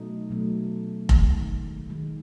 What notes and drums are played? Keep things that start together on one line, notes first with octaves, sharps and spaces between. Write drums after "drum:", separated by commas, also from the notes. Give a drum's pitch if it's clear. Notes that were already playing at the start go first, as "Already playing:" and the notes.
Already playing: B2 F#3 A3 D#4
B2 F#3 A3
D#3 G#3, drum: kick F1
D#3 G#3